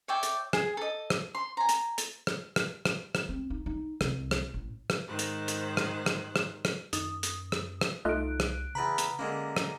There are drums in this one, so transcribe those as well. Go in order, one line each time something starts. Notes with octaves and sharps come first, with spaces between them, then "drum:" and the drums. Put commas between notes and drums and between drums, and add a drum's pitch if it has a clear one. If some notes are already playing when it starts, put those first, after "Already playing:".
C#5 D5 E5 G5
drum: hi-hat
G#4, drum: rim click
A4 D#5
drum: rim click
C6
G#5 A#5
drum: hi-hat
drum: hi-hat
drum: rim click
drum: rim click
drum: rim click
drum: rim click
C4
D#4
D#4
C2, drum: rim click
drum: rim click
A1
drum: rim click
G#2 D#3 C5 F#6
drum: hi-hat
drum: hi-hat
drum: rim click
drum: rim click
drum: rim click
drum: rim click
F#2 D#3 D#6, drum: hi-hat
drum: hi-hat
drum: rim click
drum: rim click
C2 A3 D#4 F4 F#6 D7
drum: rim click
E2 C#3 B4 A#5 B5
drum: hi-hat
D3 G#3 A#3 C#4
drum: rim click